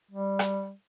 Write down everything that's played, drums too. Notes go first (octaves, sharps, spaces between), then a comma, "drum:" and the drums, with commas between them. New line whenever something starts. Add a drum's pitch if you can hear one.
G3
drum: rim click